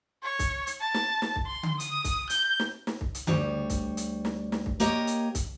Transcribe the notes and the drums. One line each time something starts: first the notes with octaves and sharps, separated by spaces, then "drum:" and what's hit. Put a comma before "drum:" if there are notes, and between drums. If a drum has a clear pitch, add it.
C#5
drum: kick, hi-hat
drum: hi-hat
A5
drum: snare
drum: snare
drum: kick
C6
drum: tom D3
D#6, drum: hi-hat
drum: kick, hi-hat
G6, drum: hi-hat
drum: snare
drum: snare
drum: kick
drum: hi-hat
D2 G3 C#5, drum: tom D3
drum: kick, hi-hat
drum: hi-hat
drum: snare
drum: snare
drum: kick
A#3 G4 A#4 C#5 D#5, drum: hi-hat
drum: hi-hat
drum: kick, hi-hat